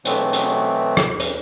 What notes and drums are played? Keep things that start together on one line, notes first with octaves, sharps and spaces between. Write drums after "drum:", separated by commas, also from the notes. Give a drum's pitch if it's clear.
B2 E3 F#3 A3 B3 C4, drum: hi-hat
drum: hi-hat
drum: rim click
drum: hi-hat